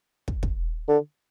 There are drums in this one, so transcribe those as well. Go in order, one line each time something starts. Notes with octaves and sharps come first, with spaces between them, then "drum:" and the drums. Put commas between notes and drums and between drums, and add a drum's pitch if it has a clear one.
drum: kick
drum: kick
D3